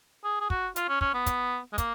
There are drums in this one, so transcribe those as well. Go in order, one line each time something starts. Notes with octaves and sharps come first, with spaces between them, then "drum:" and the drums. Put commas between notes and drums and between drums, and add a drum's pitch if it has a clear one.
G#4
G#4
F#4, drum: kick
F4, drum: hi-hat
C#4
C#4, drum: kick
B3
drum: kick, hi-hat
G#3
A#3, drum: kick, hi-hat